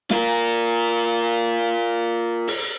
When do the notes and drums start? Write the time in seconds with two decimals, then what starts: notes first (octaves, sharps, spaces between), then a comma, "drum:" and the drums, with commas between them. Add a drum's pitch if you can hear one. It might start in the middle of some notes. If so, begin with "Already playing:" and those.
0.11 F4 A#4, drum: snare
2.47 drum: open hi-hat